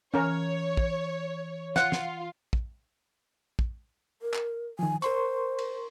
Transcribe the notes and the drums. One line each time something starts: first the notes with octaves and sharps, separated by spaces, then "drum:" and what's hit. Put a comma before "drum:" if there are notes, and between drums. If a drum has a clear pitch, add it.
E3 C#4 A#4 C#5
drum: kick
F4 F#5, drum: snare
drum: snare
drum: kick
drum: kick
A#4
drum: clap
D#3 F3 G#5
A#4 C5 C6 C#6, drum: hi-hat
drum: cymbal